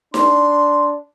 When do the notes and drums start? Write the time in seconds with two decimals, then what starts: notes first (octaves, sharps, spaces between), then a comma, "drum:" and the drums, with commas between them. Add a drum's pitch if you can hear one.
0.14 D4 C6, drum: snare D#4